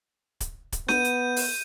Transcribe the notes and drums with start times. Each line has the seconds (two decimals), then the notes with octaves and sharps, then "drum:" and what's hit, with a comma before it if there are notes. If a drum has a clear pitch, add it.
0.40 drum: kick C#1, hi-hat
0.72 drum: kick C#1, hi-hat
0.88 B3 G6 D#7, drum: snare
1.04 drum: hi-hat
1.36 drum: open hi-hat